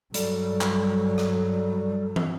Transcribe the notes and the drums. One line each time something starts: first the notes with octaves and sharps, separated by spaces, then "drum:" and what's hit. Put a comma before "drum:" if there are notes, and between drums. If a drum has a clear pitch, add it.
G2 F#3 G3 A4, drum: hi-hat
drum: clap
drum: rim click
drum: tom